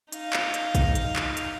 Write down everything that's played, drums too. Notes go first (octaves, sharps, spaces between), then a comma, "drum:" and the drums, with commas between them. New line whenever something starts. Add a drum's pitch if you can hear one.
D#4 F5, drum: hi-hat
drum: clap
drum: hi-hat
drum: kick, hi-hat
drum: hi-hat
drum: clap
drum: hi-hat